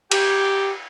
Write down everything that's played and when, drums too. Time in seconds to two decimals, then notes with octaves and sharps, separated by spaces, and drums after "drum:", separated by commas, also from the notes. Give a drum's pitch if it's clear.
0.12 G4, drum: cymbal